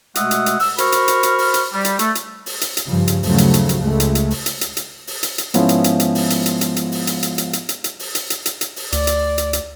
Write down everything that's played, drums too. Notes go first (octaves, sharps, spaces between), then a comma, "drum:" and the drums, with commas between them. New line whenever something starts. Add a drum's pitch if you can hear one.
B2 G#3 A3 E5 F#5 D#6, drum: hi-hat
drum: hi-hat
drum: hi-hat
E6, drum: open hi-hat
F#4 A#4 C5 B5 C#6 F6, drum: hi-hat
drum: hi-hat
drum: hi-hat
drum: hi-hat
drum: open hi-hat
drum: hi-hat
G3
drum: hi-hat
A3, drum: hi-hat
drum: hi-hat
drum: open hi-hat
drum: hi-hat
drum: hi-hat
G2 C#3 F3
drum: hi-hat
D#2 C#3 F3 F#3 A3, drum: open hi-hat
drum: hi-hat
drum: hi-hat
drum: hi-hat
C#2 G#3 A3
drum: hi-hat
drum: hi-hat
drum: open hi-hat
drum: hi-hat
drum: hi-hat
drum: hi-hat
drum: open hi-hat
drum: hi-hat
drum: hi-hat
G#2 F3 B3 C#4 E4 F4, drum: hi-hat
drum: hi-hat
drum: hi-hat
drum: hi-hat
drum: open hi-hat
drum: hi-hat
drum: hi-hat
drum: hi-hat
drum: hi-hat
drum: open hi-hat
drum: hi-hat
drum: hi-hat
drum: hi-hat
drum: hi-hat
drum: hi-hat
drum: hi-hat
drum: open hi-hat
drum: hi-hat
drum: hi-hat
drum: hi-hat
drum: hi-hat
drum: open hi-hat
D2 D5, drum: hi-hat
drum: hi-hat
drum: hi-hat
drum: hi-hat